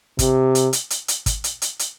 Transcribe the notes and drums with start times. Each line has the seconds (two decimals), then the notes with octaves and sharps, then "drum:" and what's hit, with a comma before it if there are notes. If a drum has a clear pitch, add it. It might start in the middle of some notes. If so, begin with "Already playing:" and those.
0.19 C3, drum: kick, hi-hat
0.55 drum: hi-hat
0.73 drum: hi-hat
0.90 drum: hi-hat
1.08 drum: hi-hat
1.26 drum: kick, hi-hat
1.44 drum: hi-hat
1.62 drum: hi-hat
1.79 drum: hi-hat